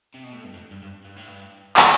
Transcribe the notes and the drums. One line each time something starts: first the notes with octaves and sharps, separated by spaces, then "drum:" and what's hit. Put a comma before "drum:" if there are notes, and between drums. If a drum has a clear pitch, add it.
C3
B2
A2
G2
F2
G2
G2
G2
A2
G2
drum: clap